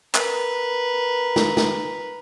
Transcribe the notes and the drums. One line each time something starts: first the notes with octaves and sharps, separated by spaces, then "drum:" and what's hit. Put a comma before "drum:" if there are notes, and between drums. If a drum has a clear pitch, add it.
A#4 B4, drum: clap
drum: snare
drum: snare